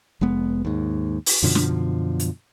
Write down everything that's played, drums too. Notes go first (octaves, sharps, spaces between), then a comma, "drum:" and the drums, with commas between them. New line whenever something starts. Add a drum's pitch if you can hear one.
F1 G#3 B3
D#2 G#2
drum: open hi-hat
F#2 B2 D3 F3
drum: snare
drum: hi-hat